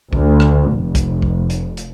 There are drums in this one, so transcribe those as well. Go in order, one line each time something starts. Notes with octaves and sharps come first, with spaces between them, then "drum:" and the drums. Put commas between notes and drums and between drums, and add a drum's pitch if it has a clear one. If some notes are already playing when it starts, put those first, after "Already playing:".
D2, drum: kick
drum: rim click
F1
drum: kick, hi-hat
drum: kick
drum: hi-hat
drum: hi-hat